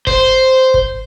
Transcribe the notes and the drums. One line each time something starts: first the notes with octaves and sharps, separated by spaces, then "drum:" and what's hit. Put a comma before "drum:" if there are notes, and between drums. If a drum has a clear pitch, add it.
C5, drum: kick G1
drum: kick G1